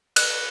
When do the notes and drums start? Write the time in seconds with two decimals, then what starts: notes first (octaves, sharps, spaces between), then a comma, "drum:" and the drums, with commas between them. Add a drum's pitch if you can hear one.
0.16 F#6, drum: cymbal